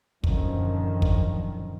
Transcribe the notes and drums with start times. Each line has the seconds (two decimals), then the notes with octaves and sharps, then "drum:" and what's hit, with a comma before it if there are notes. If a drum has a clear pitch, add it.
0.24 F#2 A#2 D3 D#3 F3, drum: kick
1.02 drum: kick